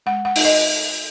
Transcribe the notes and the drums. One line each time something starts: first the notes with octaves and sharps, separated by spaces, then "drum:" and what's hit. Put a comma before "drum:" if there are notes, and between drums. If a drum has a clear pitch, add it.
G#3 F#5
F#5
D#4, drum: open hi-hat
D#5